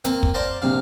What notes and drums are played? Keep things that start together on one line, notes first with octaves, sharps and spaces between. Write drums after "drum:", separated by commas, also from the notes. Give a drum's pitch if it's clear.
A#3 C4, drum: hi-hat
drum: kick
C5 D5 F5 A5 A#5 C6
A#1 C3 F5